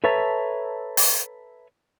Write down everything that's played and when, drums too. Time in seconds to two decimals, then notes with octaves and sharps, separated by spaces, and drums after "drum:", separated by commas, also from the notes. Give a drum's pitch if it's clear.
0.04 A4 B4 C#5 E5 A5 A#5
0.97 drum: open hi-hat